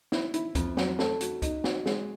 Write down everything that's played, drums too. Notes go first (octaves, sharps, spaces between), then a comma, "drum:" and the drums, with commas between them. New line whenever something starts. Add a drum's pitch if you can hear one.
E4, drum: snare
E4, drum: hi-hat
F2, drum: kick C#2, hi-hat
F#3, drum: snare
A3, drum: snare
F#4, drum: hi-hat
D#4, drum: kick C#2, hi-hat
F#4, drum: snare
G#3, drum: snare